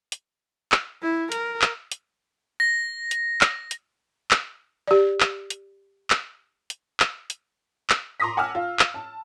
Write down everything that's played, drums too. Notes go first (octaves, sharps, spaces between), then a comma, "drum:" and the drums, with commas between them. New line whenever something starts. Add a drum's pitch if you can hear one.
drum: hi-hat
drum: clap
E4
A#4, drum: hi-hat
drum: clap
drum: hi-hat
A#6
drum: hi-hat
drum: clap
drum: hi-hat
drum: clap
G4 D5
drum: clap
drum: hi-hat
drum: clap
drum: hi-hat
drum: clap
drum: hi-hat
drum: clap
A#5 C6 D6 D#6 A#6 B6
F#5 G#5 A5 D6 E6 F6
F4
drum: clap
A5